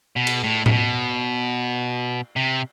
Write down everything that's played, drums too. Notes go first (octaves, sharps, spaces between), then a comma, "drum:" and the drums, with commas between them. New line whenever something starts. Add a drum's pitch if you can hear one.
B2
drum: cymbal
A2
A2, drum: tom A2
B2
C3